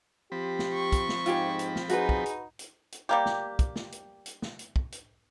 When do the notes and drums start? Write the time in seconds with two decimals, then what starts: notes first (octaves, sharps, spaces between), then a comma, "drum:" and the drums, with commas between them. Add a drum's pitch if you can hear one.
0.32 F3 C4 G4 B5
0.59 drum: snare
0.74 C#6
0.92 drum: kick, hi-hat
1.09 drum: snare
1.26 G#2 F4 G4 G#4, drum: hi-hat
1.59 drum: hi-hat
1.76 drum: snare
1.89 D#4 F#4 G#4 B4, drum: hi-hat
2.09 drum: kick
2.26 drum: hi-hat
2.59 drum: hi-hat
2.92 drum: hi-hat
3.09 G3 A#3 G4
3.26 drum: snare
3.59 drum: kick, hi-hat
3.76 drum: snare
3.92 drum: hi-hat
4.26 drum: hi-hat
4.42 drum: snare
4.59 drum: hi-hat
4.76 drum: kick
4.92 drum: hi-hat